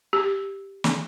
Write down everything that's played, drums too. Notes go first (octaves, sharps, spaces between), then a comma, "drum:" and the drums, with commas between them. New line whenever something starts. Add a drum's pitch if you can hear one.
G4
drum: snare